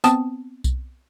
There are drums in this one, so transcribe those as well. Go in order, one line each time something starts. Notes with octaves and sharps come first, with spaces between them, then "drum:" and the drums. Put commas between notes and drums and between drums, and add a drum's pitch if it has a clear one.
B3 C4 A5 D#6, drum: tambourine
drum: kick B1, tambourine